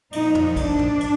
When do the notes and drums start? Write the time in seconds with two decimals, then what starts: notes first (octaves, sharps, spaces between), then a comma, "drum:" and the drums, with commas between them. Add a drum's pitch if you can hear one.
0.13 A#2 F3 D#4, drum: cymbal
0.35 drum: tom
0.56 D4, drum: kick, cymbal
0.79 drum: tom
1.00 drum: cymbal